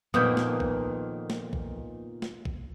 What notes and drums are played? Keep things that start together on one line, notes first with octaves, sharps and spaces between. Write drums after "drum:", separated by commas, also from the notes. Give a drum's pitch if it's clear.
F2 A#2 D#3 A#3 B3 D#6 G6
drum: snare
drum: kick A#1
drum: snare
drum: kick A#1
drum: snare
drum: kick A#1